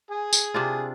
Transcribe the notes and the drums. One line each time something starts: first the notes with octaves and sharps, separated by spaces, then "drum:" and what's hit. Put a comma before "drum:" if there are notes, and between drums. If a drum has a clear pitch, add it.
G#4 G#5
drum: tambourine
C3 D4 F4